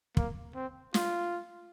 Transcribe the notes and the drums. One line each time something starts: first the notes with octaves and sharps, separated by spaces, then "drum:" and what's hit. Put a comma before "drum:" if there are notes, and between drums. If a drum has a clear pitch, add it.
A#3, drum: kick
C4
F4, drum: snare